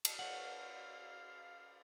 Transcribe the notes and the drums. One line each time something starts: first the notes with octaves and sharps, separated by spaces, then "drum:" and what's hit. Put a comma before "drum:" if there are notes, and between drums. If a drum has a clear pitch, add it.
drum: cymbal
C#5 F5 F#5